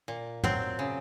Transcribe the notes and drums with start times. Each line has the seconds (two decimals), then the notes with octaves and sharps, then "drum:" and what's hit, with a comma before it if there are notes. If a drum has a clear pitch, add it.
0.08 A#2
0.44 F#3 C4, drum: tom
0.79 C#3